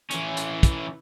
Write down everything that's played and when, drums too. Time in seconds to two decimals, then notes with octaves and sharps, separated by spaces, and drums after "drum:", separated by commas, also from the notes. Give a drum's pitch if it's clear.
0.11 E3 C#4, drum: hi-hat
0.37 drum: hi-hat
0.63 drum: kick, hi-hat